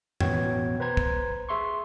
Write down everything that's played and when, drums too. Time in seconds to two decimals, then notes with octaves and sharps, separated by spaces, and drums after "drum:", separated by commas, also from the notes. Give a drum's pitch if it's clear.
0.20 A1 B2 B3 C#5 G5 G#6, drum: tom F2
0.80 B4 C5 A#5 G#6
0.97 drum: kick
1.49 G#4 E5 C6 C#6